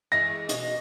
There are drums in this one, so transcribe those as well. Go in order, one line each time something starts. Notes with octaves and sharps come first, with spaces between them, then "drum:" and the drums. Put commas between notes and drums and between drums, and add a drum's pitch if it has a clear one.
E3 G#3 A3 A#6
B2, drum: hi-hat